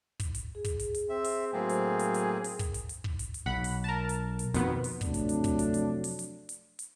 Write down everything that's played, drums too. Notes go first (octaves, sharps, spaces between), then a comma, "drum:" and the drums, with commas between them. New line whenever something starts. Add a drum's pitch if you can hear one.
drum: kick, hi-hat
drum: hi-hat
G#4
drum: kick, hi-hat
drum: hi-hat
drum: hi-hat
C4 E5
drum: open hi-hat
A2 F#3 A#3 C4 F#4 G#4 C5
drum: hi-hat
drum: hi-hat
drum: hi-hat
drum: open hi-hat
drum: kick, hi-hat
drum: hi-hat
drum: hi-hat
drum: kick
drum: hi-hat
drum: hi-hat
B1 F#5 B5
drum: open hi-hat
A#4 A5
drum: hi-hat
drum: hi-hat
F2 B2 D#3 B3, drum: hi-hat
drum: open hi-hat
F2 C3 F#3 A3 D4, drum: kick, hi-hat
drum: hi-hat
drum: hi-hat
drum: kick, hi-hat
drum: hi-hat
drum: hi-hat
drum: open hi-hat
drum: hi-hat
drum: hi-hat
drum: hi-hat